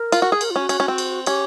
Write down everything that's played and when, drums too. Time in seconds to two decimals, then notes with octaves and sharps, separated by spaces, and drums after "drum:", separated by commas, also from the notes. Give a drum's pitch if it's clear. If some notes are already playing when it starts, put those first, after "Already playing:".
Already playing: A#4
0.12 F4, drum: cymbal
0.22 F#4
0.32 G#4
0.41 A#4, drum: cymbal
0.51 F4
0.56 C#4 F#4
0.69 C#4, drum: cymbal
0.80 C#4
0.88 C4
0.98 drum: cymbal
1.26 C#4 G4, drum: cymbal